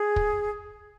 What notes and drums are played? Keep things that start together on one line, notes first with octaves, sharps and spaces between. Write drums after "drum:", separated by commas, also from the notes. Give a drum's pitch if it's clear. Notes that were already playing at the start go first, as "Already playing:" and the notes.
Already playing: G#4
drum: kick